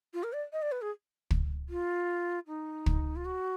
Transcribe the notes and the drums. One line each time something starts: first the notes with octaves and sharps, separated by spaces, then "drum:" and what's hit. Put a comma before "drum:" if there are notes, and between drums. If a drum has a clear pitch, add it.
F4
A#4
D5
D#5
D5
B4
G#4
drum: kick
F4
D#4
drum: kick
F4
F#4